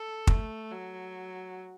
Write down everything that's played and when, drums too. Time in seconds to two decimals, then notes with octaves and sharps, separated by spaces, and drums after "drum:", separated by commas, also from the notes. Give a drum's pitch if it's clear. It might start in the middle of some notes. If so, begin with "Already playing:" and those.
Already playing: A4
0.27 A3, drum: kick
0.71 F#3